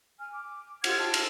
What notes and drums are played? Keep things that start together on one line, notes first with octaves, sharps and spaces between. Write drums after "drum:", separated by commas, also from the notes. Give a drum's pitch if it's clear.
G#5 F6
D6
F4 G4 F#5 G#6, drum: cymbal
F4 G5 A5
drum: cymbal